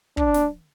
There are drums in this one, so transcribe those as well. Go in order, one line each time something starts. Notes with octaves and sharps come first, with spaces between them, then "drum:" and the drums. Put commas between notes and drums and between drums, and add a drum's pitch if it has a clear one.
D4, drum: kick
drum: snare